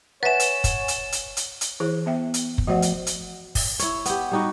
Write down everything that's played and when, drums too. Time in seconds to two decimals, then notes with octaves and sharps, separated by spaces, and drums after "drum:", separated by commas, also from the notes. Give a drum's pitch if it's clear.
0.23 B4 C#5 E5 F#5 G#5 A6 E7
0.40 drum: hi-hat
0.64 drum: kick, hi-hat
0.88 drum: hi-hat
1.12 drum: hi-hat
1.37 drum: hi-hat
1.61 drum: hi-hat
1.80 E3 E4 G#4 C5
2.06 B3 E5 G5
2.34 drum: hi-hat
2.58 drum: kick
2.67 F3 A3 F#4 C5 D5 F#5
2.82 drum: hi-hat
3.07 drum: hi-hat
3.55 drum: kick, open hi-hat
3.79 E4 C#5, drum: hi-hat
4.05 B3 G4, drum: hi-hat
4.31 G3 D#4 F#4